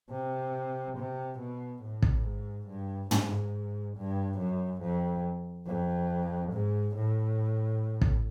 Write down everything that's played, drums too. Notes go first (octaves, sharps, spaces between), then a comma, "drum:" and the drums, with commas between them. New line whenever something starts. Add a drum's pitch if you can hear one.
C3
C3
B2
A2
drum: kick
G#2
G2
G#2, drum: tom
G2
F#2
F2
F2
G#2
A2
drum: kick